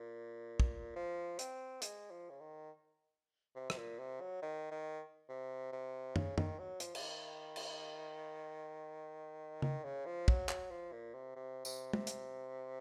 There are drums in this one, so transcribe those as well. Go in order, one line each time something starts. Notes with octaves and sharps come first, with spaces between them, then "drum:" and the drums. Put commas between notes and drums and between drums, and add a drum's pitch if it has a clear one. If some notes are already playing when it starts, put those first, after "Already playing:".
Already playing: A#2
drum: kick
F3
C4, drum: hi-hat
G#3, drum: hi-hat
F3
C#3
D#3
C3
C3, drum: rim click
A#2
C3
F#3
D#3
D#3
C3
C3
C#3, drum: tom
D#3, drum: tom
F#3
F3, drum: hi-hat
C#3, drum: cymbal
D#3
drum: cymbal
D#3, drum: tom C#3
C#3
F3
F#3, drum: kick
F#3, drum: clap
F3
A#2
C3
C3
C3, drum: tambourine
C3, drum: tom
drum: hi-hat